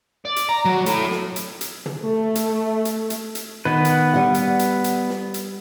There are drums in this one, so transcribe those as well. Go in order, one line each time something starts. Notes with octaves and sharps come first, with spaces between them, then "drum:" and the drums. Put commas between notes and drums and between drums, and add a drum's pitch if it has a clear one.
D5
drum: hi-hat
A#5
F#3
A2, drum: hi-hat
drum: snare
drum: hi-hat
drum: hi-hat
drum: tom
A3
drum: hi-hat
drum: hi-hat
drum: hi-hat
drum: hi-hat
D#3 B3 B4
drum: hi-hat
G3 F#5
drum: hi-hat
drum: hi-hat
drum: hi-hat
drum: snare
drum: hi-hat